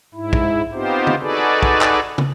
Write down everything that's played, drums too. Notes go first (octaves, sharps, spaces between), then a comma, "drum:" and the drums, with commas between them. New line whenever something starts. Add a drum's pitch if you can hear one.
G#2 E4
drum: kick
B3 C4 D#4 F4 G4 C5
drum: tom
D#4 F#4 G#4 A4 B4 D5
drum: kick
drum: clap
drum: tom